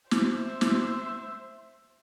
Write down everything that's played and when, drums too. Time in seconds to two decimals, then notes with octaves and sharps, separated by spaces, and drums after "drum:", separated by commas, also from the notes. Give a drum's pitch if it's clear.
0.11 C5 E5, drum: snare
0.61 drum: snare